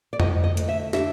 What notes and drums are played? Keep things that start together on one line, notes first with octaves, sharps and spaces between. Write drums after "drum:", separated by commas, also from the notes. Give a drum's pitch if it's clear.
D5
D2 D#5, drum: tom F2
D#5
D2, drum: hi-hat
E5
D4 E5, drum: snare